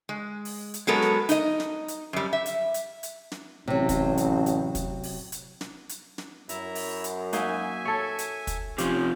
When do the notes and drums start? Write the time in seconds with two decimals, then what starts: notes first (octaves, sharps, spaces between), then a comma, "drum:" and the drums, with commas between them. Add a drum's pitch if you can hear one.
0.09 G#3
0.45 drum: open hi-hat
0.74 drum: hi-hat
0.87 F#3 G#3 B3 A4 A#4
1.02 drum: snare
1.29 D#4 D#5, drum: hi-hat
1.60 drum: snare
1.88 drum: hi-hat
2.13 F#2 G3
2.33 E5
2.46 drum: hi-hat
2.74 drum: hi-hat
3.03 drum: hi-hat
3.32 drum: snare
3.67 A1 C3 F#3
3.89 drum: kick, hi-hat
4.17 drum: hi-hat
4.46 drum: hi-hat
4.75 drum: kick, hi-hat
5.03 drum: open hi-hat
5.32 drum: hi-hat
5.61 drum: snare
5.89 drum: hi-hat
6.18 drum: snare
6.49 F#2 E4 E5 A#5, drum: hi-hat
6.75 drum: open hi-hat
7.04 drum: hi-hat
7.33 A#3 D#4 F#4 E5 G#5, drum: hi-hat
7.85 A4 C#5
8.19 drum: hi-hat
8.47 drum: kick, hi-hat
8.78 C3 F3 C#4 F4 G4 F#6, drum: hi-hat